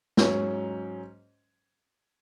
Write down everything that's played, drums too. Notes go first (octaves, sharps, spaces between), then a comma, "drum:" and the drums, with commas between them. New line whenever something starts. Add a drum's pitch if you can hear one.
G#2 F#3 C#4, drum: snare